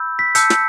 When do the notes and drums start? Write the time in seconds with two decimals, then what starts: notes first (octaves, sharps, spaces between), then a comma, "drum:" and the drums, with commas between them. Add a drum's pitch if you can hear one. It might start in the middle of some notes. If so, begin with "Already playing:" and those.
Already playing: B5 E6 G6
0.19 B6
0.35 A5 E6 G6 C#7, drum: hi-hat
0.50 drum: snare